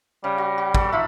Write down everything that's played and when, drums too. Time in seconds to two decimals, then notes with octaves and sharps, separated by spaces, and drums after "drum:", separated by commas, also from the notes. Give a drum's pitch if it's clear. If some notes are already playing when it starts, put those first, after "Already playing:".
0.24 C#3 G3
0.38 F#4
0.58 F#4
0.75 A4 D5, drum: kick
0.92 D#4 F4 E5 B5